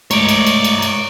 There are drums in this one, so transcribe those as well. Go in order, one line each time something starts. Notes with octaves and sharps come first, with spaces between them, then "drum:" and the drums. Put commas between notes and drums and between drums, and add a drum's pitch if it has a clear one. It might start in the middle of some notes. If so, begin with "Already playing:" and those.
G#3 A3 C#5 D5 A#5, drum: cymbal
drum: cymbal
drum: cymbal
drum: cymbal
drum: cymbal